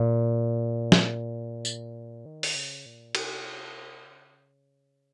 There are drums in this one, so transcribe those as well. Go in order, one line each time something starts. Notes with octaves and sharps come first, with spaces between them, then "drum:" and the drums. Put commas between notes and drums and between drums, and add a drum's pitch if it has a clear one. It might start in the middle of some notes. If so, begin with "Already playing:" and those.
Already playing: A#2
drum: snare
drum: tambourine
D#3
drum: open hi-hat
C#3
A#2
C3, drum: cymbal
C#3